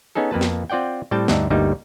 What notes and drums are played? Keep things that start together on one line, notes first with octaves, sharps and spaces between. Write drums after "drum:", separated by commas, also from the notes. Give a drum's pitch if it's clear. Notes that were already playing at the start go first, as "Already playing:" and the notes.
B3 C#4 D#4 G#4 A4
F2 A#3 B4 A5
drum: snare
C4 F4 D5 F#5 G5
A2 G3 C4 G5 A5
D2 G2 D4 D#4 E5, drum: snare
G1 D2 G3 A#3 D#4